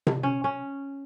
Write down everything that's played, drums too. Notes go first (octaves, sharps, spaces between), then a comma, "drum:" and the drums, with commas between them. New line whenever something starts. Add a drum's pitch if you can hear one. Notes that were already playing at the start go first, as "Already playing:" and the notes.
drum: tom C3
C#4
C#4